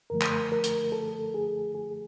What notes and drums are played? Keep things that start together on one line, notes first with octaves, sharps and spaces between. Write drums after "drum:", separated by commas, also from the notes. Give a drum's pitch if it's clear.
F#2 D3 F3 A3 A#4
drum: clap
A#4
drum: hi-hat
A4
G#4
G#4